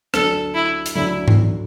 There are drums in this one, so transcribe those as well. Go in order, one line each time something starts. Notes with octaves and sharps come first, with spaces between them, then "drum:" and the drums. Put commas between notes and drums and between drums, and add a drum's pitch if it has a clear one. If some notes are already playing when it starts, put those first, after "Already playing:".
D2 D3 F#3 D4 A4, drum: rim click
E4
drum: hi-hat
D2 D3 F#3 D4 E4
drum: tom G#2